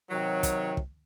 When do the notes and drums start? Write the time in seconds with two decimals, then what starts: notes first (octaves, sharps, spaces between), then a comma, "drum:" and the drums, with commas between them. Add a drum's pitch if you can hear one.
0.10 C3 D#3 F#3
0.43 drum: kick, hi-hat
0.77 drum: kick